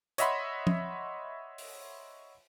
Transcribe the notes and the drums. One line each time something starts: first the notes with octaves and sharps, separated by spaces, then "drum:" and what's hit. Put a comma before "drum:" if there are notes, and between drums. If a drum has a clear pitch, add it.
C#5 D#5 E5 F#5 B5 C6, drum: hi-hat
drum: tom F3
drum: open hi-hat